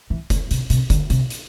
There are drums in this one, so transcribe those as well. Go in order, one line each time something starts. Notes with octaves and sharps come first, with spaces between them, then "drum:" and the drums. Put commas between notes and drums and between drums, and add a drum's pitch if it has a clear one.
E3
D3, drum: kick F1, hi-hat
C3, drum: hi-hat
C3, drum: hi-hat
D3, drum: kick F1, hi-hat
C3, drum: hi-hat
drum: hi-hat